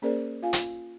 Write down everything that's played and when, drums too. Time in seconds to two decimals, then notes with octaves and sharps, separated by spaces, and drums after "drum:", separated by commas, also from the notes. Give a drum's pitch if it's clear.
0.02 A#3 C#4 G#4 A#4 C5 D5
0.43 F4 F5 G#5
0.53 drum: hi-hat